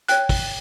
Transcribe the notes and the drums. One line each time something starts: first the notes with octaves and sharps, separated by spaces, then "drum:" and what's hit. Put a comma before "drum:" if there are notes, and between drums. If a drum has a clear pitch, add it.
C#5 G5 F#6, drum: hi-hat
drum: kick, open hi-hat